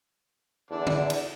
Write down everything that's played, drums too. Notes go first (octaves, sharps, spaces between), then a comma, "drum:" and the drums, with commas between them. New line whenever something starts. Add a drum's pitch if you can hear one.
E2 D3 D4 D5
drum: tom D3
drum: cymbal